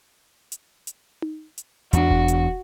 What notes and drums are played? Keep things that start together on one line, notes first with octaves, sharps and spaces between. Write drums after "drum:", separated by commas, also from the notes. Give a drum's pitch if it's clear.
drum: hi-hat
drum: hi-hat
drum: tom D#4
drum: hi-hat
E2 D4 F#4, drum: hi-hat
drum: kick E1
drum: hi-hat